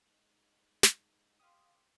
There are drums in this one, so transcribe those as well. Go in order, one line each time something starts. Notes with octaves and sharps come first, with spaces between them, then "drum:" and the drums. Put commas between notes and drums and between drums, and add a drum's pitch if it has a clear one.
G#3 D#4
drum: snare
G4 F5 C6 D#6